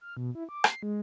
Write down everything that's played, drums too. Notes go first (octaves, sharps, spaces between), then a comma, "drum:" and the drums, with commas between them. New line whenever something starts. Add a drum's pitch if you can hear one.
F6
B2
E4
D6
C7, drum: rim click
G#3